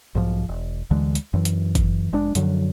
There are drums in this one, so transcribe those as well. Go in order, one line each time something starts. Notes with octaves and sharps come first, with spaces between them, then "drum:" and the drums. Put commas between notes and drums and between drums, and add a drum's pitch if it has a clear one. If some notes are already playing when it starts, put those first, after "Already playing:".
B1 G#2 F3
E1
D2 D3 E3 G#3
drum: hi-hat
F#2 E3
drum: hi-hat
drum: kick G1, hi-hat
F1 G#3 D4
F#2 D3 F3 F#3, drum: hi-hat